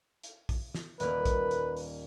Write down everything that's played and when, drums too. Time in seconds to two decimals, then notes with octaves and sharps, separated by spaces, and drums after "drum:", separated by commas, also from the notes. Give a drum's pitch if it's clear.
0.23 drum: hi-hat
0.49 drum: kick, open hi-hat
0.74 drum: snare
1.00 D#1 A#3 B4, drum: hi-hat
1.25 drum: kick, hi-hat
1.51 drum: hi-hat
1.76 drum: open hi-hat